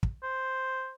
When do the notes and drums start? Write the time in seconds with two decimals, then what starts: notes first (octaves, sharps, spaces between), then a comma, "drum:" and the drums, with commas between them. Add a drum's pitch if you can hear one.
0.03 drum: kick
0.23 C5